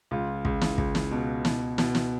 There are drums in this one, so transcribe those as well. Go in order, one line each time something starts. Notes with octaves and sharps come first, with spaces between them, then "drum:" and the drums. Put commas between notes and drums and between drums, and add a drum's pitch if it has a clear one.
C#2 F4
C#2, drum: kick
drum: snare
C#2, drum: kick
drum: snare
B2
B2, drum: snare
B2, drum: snare
drum: snare